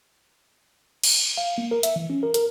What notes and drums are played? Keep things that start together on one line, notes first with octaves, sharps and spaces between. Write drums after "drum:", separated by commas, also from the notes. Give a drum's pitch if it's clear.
drum: cymbal
F5
A#3
A#4
E5, drum: hi-hat
E3
C#4
A#4
A#4, drum: hi-hat